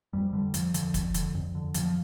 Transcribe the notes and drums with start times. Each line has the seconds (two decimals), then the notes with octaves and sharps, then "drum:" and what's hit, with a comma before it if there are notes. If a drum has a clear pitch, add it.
0.13 F2 G3
0.33 D3 G3
0.54 F2 F3, drum: hi-hat
0.74 D3 F3, drum: hi-hat
0.94 F2, drum: kick, hi-hat
1.14 D3, drum: hi-hat
1.35 F2
1.55 D3
1.74 F2 F3, drum: hi-hat
1.85 F3